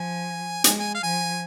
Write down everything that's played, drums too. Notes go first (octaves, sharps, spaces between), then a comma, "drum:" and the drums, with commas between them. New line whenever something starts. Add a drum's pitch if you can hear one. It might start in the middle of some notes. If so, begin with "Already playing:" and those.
Already playing: F3 G#5
G#3 G#5, drum: hi-hat
G#5
F5
F3 G#5